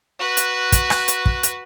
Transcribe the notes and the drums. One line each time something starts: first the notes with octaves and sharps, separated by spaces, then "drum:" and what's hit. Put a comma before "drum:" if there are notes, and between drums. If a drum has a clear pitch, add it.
F#4 B4
drum: hi-hat
drum: kick, hi-hat
drum: rim click
drum: hi-hat
drum: kick
drum: hi-hat